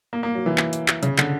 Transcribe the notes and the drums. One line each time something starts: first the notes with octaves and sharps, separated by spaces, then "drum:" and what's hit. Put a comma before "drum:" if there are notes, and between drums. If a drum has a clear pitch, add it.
A#3
A#3
F#3
E3
drum: clap
drum: hi-hat
drum: clap
C#3, drum: hi-hat
D3, drum: clap